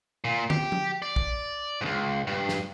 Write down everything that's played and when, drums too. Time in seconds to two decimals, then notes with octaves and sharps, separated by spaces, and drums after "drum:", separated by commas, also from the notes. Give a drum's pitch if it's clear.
0.24 A#2
0.50 G4, drum: tom
0.72 drum: tom F3
1.02 D5
1.16 drum: kick
1.81 C#2 G#2
2.27 G2
2.49 drum: snare